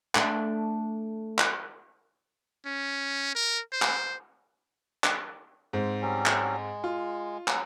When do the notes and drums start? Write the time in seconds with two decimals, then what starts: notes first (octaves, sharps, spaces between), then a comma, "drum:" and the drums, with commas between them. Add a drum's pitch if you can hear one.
0.15 A3 D4, drum: clap
1.39 drum: clap
2.66 C#4
3.35 A#4
3.72 C5
3.82 drum: clap
5.04 drum: clap
5.73 G#2 C4
6.02 F#3 G3 C#4
6.26 drum: clap
6.56 G#3
6.84 F4
7.48 F#3, drum: clap